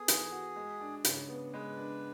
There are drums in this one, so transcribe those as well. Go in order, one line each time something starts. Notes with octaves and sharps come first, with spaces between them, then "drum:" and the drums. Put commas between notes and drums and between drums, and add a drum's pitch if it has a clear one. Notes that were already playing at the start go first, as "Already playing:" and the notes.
Already playing: B3 G#4 A4
E3, drum: hi-hat
F#4
G#3
D4
C#3, drum: hi-hat
B3
G#3 B4
D4